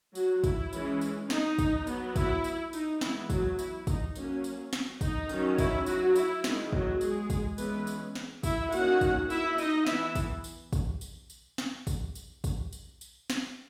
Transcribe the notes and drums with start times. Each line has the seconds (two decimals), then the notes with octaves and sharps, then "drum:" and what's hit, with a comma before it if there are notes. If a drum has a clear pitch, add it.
0.15 F#3 F#4, drum: tambourine
0.44 E4, drum: kick, tambourine
0.73 E3 G#3 C#4, drum: tambourine
1.01 drum: tambourine
1.30 D#4, drum: snare
1.58 drum: kick, tambourine
1.87 F#3 B3, drum: tambourine
2.16 E4, drum: kick, tambourine
2.44 drum: tambourine
2.73 D#4, drum: tambourine
3.01 E3 G#3 B3 E4, drum: snare
3.30 F#3 F#4, drum: kick, tambourine
3.59 E4, drum: tambourine
3.87 D#4, drum: kick, tambourine
4.15 F#3 A#3 C#4, drum: tambourine
4.44 drum: tambourine
4.73 drum: snare
5.01 D#4, drum: kick, tambourine
5.29 D#3 F#3 C#4, drum: tambourine
5.58 E4, drum: kick, tambourine
5.86 F#3 F#4, drum: tambourine
6.16 E4, drum: tambourine
6.44 D#3 G#3 B3, drum: snare
6.72 F#3 F#4, drum: kick
7.01 G#3 G#4, drum: tambourine
7.30 drum: kick, tambourine
7.58 E3 G#3 B3 C#4 B4, drum: tambourine
7.87 drum: tambourine
8.15 drum: snare
8.43 E4 E5, drum: kick, tambourine
8.72 D#3 A#3 C#4 F#4 F#5, drum: tambourine
9.01 drum: kick, tambourine
9.30 E4 E5, drum: tambourine
9.58 D#4 D#5, drum: tambourine
9.87 E3 B3 E4 E5, drum: snare
10.15 drum: kick, tambourine
10.44 drum: tambourine
10.73 drum: kick, tambourine
11.01 drum: tambourine
11.30 drum: tambourine
11.58 drum: snare
11.87 drum: kick, tambourine
12.15 drum: tambourine
12.44 drum: kick, tambourine
12.73 drum: tambourine
13.01 drum: tambourine
13.30 drum: snare